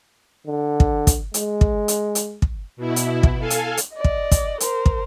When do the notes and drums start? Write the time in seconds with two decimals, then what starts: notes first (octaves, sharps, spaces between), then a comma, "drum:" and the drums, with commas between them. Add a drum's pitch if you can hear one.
0.47 D3
0.80 drum: kick
1.07 drum: kick, hi-hat
1.34 G#3, drum: hi-hat
1.61 drum: kick
1.88 drum: hi-hat
2.15 drum: hi-hat
2.42 drum: kick
2.77 B2 E4
2.96 drum: hi-hat
3.23 drum: kick
3.40 A4 F5 G#5
3.50 drum: hi-hat
3.77 drum: hi-hat
3.94 D5 D#5
4.04 drum: kick
4.31 drum: kick, hi-hat
4.60 A#4 C5, drum: hi-hat
4.86 drum: kick